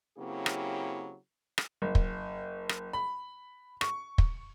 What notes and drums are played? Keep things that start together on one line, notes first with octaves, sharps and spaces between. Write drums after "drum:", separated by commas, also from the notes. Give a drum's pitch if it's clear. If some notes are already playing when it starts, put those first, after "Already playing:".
C#3 F#3 A#3 C4 E4 G4
drum: rim click
drum: rim click
F#1
drum: kick
drum: rim click
B5
C#6, drum: rim click
drum: kick